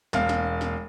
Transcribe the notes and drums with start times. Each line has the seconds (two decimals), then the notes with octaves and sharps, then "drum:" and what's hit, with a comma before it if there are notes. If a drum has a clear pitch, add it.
0.13 E1 F5, drum: snare
0.29 drum: snare
0.61 drum: snare